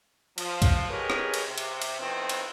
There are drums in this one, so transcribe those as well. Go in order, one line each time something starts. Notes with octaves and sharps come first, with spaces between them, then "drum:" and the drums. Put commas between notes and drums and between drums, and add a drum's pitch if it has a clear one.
F3, drum: cymbal
drum: kick, cymbal
G#2 G4 G#4 A#4 B4 C#5
drum: rim click
drum: cymbal
C3
drum: cymbal
drum: cymbal
A2 D#3 F3 B3 C4
drum: cymbal